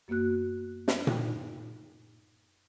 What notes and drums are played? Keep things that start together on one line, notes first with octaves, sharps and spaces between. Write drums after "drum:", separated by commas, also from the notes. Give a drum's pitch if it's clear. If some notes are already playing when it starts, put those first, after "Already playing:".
F#2 A#3 B3 F#4 F#6
drum: snare
D#4, drum: tom A#2